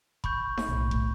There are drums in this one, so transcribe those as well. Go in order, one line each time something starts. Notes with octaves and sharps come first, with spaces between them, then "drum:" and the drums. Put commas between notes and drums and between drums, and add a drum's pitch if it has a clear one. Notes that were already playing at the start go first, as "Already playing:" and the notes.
B5 C#6 G6, drum: kick F1
drum: snare D#4
B1 A2
drum: kick F1